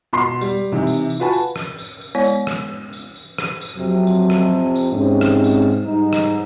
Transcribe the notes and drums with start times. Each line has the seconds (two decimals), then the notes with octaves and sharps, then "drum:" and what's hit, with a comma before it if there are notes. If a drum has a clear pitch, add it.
0.13 B2 C6 C7
0.41 G3, drum: tambourine
0.72 C3 E3 D#4
0.87 drum: tambourine
1.10 drum: tambourine
1.20 F4 F#4 B4 G#5 A5
1.33 drum: tambourine
1.56 drum: rim click
1.79 drum: tambourine
2.01 drum: tambourine
2.15 G#3 B3 E4 C#5 D5
2.24 drum: tambourine
2.47 drum: rim click
2.93 drum: tambourine
3.16 drum: tambourine
3.38 drum: rim click
3.61 drum: tambourine
3.76 F2 C3 F#3
4.07 drum: tambourine
4.30 drum: rim click
4.76 drum: tambourine
4.93 G#2 C3 C4 C#4
5.21 drum: rim click
5.44 drum: tambourine
5.85 G#2 G3 D#4
6.13 drum: rim click